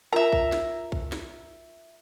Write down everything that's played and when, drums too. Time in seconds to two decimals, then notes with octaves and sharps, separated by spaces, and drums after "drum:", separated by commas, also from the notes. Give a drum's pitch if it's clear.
0.13 F4 A#4 E5 A#5
0.32 drum: kick A#1
0.52 drum: snare
0.92 drum: kick A#1
1.12 drum: snare